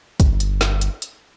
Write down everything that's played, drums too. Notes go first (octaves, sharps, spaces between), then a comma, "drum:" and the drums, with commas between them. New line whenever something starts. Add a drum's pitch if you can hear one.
G1, drum: kick, hi-hat
drum: hi-hat
drum: snare
drum: hi-hat
drum: hi-hat